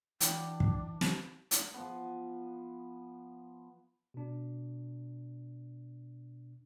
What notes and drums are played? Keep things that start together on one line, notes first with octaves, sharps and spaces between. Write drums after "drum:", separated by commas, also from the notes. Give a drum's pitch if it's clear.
E3 D4 F#4 B4 G5, drum: hi-hat
drum: kick
drum: snare
drum: hi-hat
F3 B3
B2 D4